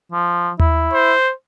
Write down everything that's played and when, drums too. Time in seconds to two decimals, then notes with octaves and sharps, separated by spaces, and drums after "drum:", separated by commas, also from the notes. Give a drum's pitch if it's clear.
0.12 F3
0.60 E4, drum: tom D#2
0.93 C5